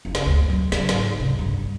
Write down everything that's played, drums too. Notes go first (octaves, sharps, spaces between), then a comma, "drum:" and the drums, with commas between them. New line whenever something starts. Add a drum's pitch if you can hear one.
F#1
drum: snare
D2
F#3
D3, drum: snare
G#2, drum: snare
C3
G2